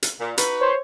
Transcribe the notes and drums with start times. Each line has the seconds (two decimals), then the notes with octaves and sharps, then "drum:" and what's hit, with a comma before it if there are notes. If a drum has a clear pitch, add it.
0.03 drum: hi-hat
0.20 A#2
0.38 D#4 F#4 B4, drum: hi-hat
0.61 C5 C#5